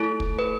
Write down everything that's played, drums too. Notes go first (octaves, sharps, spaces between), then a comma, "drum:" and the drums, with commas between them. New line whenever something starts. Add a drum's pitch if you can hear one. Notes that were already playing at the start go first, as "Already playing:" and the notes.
Already playing: A3 E4 A4
drum: kick
B4